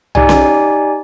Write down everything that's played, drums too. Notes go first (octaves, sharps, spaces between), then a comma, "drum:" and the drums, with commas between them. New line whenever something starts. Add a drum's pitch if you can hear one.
D#4 G4 D5 G#5, drum: tom
drum: snare C#4